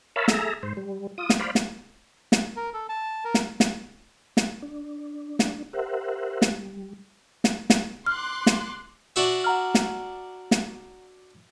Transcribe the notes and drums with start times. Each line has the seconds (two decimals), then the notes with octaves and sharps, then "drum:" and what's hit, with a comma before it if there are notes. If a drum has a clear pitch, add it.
0.16 A#4 C#5 E5 F5 A5 B5
0.28 G#4 A4 E5 A#5, drum: snare
0.63 G#2 C5
0.77 G3
1.18 F4 D#6
1.30 drum: snare
1.40 C5 D5 F5 B5
1.55 drum: snare
2.32 drum: snare
2.57 A#4
2.74 A4
2.89 A5
3.25 A#4
3.34 drum: snare
3.60 drum: snare
4.37 drum: snare
4.62 D4
5.39 drum: snare
5.73 G4 A#4 C5 E5 F#5
6.42 drum: snare
6.51 G3
7.44 drum: snare
7.70 drum: snare
8.06 C6 D6 F6 F#6
8.46 drum: snare
9.16 D4 F#4 E5
9.44 F#5 A#5 F6
9.75 drum: snare
10.51 drum: snare